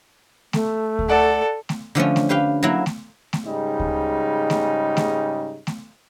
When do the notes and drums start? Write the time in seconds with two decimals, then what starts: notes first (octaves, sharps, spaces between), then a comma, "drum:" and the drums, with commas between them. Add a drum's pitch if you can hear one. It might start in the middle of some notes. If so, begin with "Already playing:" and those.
0.53 A3, drum: snare A3
0.99 drum: kick D2
1.09 A4 D5 F#5
1.69 drum: snare A3
1.95 D3 F3 A3 C#4
2.16 drum: snare A3
2.29 G4 B4 F5 G5
2.63 F#3 A#3 E4
2.86 drum: snare A3
3.33 drum: snare A3
3.45 G#2 C#3 G3 D#4
3.80 drum: kick D2
4.50 drum: snare A3
4.97 drum: snare A3
5.67 drum: snare A3